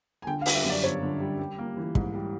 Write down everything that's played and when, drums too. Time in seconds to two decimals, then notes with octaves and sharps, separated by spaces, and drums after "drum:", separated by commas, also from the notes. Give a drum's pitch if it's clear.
0.22 G#5
0.27 D3 G5
0.41 F5
0.46 G3, drum: open hi-hat
0.55 E5
0.64 F#2 D5
0.83 G1 C#5
1.02 D3
1.20 G3
1.39 G3
1.58 A#3
1.77 E3
1.95 G#2, drum: kick
2.14 G3